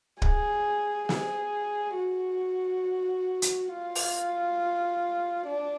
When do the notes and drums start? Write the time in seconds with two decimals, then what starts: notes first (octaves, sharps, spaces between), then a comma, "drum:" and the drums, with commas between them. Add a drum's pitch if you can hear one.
0.22 G#4, drum: kick
1.09 G#4, drum: snare
1.96 F#4
3.42 drum: hi-hat
3.72 F4
3.95 drum: open hi-hat
5.47 D4